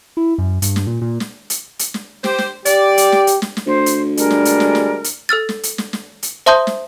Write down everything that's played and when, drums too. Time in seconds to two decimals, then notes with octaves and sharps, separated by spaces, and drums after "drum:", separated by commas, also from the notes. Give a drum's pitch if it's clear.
0.17 E4
0.38 F#2
0.62 G2, drum: hi-hat
0.76 drum: snare
0.87 A#2
1.01 A#2
1.20 drum: snare
1.50 drum: hi-hat
1.79 drum: hi-hat
1.94 drum: snare
2.24 G4 C5, drum: snare
2.38 drum: snare
2.65 G4 D5, drum: hi-hat
2.98 drum: hi-hat
3.12 drum: snare
3.27 drum: hi-hat
3.42 drum: snare
3.57 drum: snare
3.67 D2 C5
3.86 drum: hi-hat
4.17 G3 G#3 D4 A#4, drum: hi-hat
4.30 drum: snare
4.45 drum: hi-hat
4.60 drum: snare
4.75 drum: snare
5.04 drum: hi-hat
5.29 A4 E6 F6 A6
5.49 drum: snare
5.63 drum: hi-hat
5.78 drum: snare
5.93 drum: snare
6.23 drum: hi-hat
6.46 C5 E5 A5 C6 D#6 G6
6.67 drum: snare